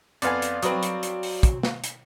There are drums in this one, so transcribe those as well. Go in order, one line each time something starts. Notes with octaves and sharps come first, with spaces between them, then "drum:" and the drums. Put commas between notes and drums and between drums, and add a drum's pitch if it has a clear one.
F2 B3 D5 F5 G#5, drum: hi-hat
drum: hi-hat
F#3 C4 B4 D#6, drum: hi-hat
drum: hi-hat
drum: hi-hat
drum: open hi-hat
drum: kick, hi-hat
drum: snare
drum: hi-hat